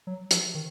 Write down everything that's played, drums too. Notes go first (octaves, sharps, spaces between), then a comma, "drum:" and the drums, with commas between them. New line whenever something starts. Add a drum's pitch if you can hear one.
F#3
F3, drum: hi-hat
D#3